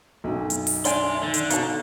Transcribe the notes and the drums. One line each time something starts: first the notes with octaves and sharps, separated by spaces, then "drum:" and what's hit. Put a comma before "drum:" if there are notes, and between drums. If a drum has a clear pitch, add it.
B1 F#2
drum: hi-hat
drum: open hi-hat
D4 E5 G5 G#5 C6, drum: hi-hat
D3 D#3
drum: hi-hat
B2 D#4 F5 A5 C#6, drum: hi-hat